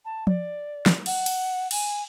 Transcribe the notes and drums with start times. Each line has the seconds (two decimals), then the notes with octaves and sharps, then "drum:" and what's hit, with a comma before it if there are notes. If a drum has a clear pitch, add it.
0.04 A5
0.27 D5, drum: tom F3
0.86 drum: snare
1.06 F#5, drum: cymbal
1.26 drum: cymbal
1.71 G#5, drum: cymbal